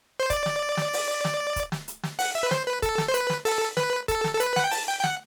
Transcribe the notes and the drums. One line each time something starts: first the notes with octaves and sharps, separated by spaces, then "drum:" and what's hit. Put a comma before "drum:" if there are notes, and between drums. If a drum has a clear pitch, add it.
C5
D5, drum: kick, hi-hat
drum: snare
drum: snare
drum: open hi-hat
drum: snare
drum: kick, hi-hat
drum: snare
drum: hi-hat
drum: snare
F#5, drum: open hi-hat
E5
B4
C5, drum: snare
B4
A4, drum: kick, hi-hat
drum: snare
C5
B4, drum: hi-hat
drum: snare
A4, drum: open hi-hat
B4, drum: snare
A4, drum: kick, hi-hat
drum: snare
A4
B4, drum: hi-hat
F#5, drum: snare
G5
A5, drum: open hi-hat
G5
G5
F#5, drum: snare